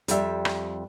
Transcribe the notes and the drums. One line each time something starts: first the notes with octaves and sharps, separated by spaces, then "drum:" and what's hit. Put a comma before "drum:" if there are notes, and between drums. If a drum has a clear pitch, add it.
F2 G3 E5, drum: hi-hat
drum: rim click